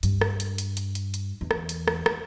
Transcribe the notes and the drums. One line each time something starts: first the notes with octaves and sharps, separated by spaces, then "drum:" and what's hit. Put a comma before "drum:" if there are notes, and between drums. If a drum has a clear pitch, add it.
G2, drum: hi-hat
drum: rim click
drum: hi-hat
drum: hi-hat
drum: hi-hat
drum: hi-hat
drum: hi-hat
E2
drum: rim click
drum: hi-hat
drum: rim click
drum: rim click